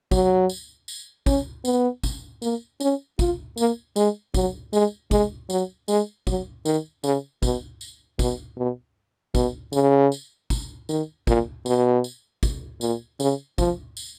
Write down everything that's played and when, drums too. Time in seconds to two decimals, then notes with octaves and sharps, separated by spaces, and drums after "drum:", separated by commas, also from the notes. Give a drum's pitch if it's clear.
0.11 F#3, drum: kick, tambourine
0.50 drum: tambourine
0.88 drum: tambourine
1.26 C#4, drum: kick, tambourine
1.65 B3, drum: tambourine
2.03 drum: kick, tambourine
2.42 A#3, drum: tambourine
2.80 C#4, drum: tambourine
3.19 F4, drum: kick, tambourine
3.58 A#3, drum: tambourine
3.96 G#3, drum: tambourine
4.34 F#3, drum: kick, tambourine
4.73 G#3, drum: tambourine
5.11 G#3, drum: kick, tambourine
5.50 F#3, drum: tambourine
5.88 G#3, drum: tambourine
6.27 F#3, drum: kick, tambourine
6.65 D#3, drum: tambourine
7.04 C#3, drum: tambourine
7.42 B2, drum: kick, tambourine
7.81 drum: tambourine
8.19 B2, drum: kick, tambourine
8.58 B2
9.35 B2, drum: kick, tambourine
9.73 C#3, drum: tambourine
10.12 drum: tambourine
10.50 drum: kick, tambourine
10.89 D#3, drum: tambourine
11.27 A#2, drum: kick, tambourine
11.66 B2, drum: tambourine
12.04 drum: tambourine
12.43 drum: kick, tambourine
12.81 A#2, drum: tambourine
13.20 C#3, drum: tambourine
13.58 F3, drum: kick, tambourine
13.97 drum: tambourine